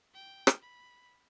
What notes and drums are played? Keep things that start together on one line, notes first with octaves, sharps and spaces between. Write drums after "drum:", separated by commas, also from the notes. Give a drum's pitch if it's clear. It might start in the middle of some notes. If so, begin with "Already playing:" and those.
G5
drum: rim click
B5